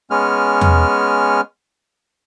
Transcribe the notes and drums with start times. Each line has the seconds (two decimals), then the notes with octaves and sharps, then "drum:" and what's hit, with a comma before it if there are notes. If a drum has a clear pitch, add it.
0.11 G#3 B3 C#4 F6
0.61 drum: tom E2